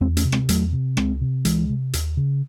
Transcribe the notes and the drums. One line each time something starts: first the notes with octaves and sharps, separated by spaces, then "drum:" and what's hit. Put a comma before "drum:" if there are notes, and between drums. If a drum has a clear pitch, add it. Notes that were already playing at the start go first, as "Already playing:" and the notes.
E2 G#3 C4
A3 C#4, drum: hi-hat
C3
G#3 C4, drum: rim click
E2 F#3 A3, drum: hi-hat
C3
C#2 G#3 C4, drum: rim click
C3
C#2 E3 G#3, drum: hi-hat
C3
D#2, drum: hi-hat
C#3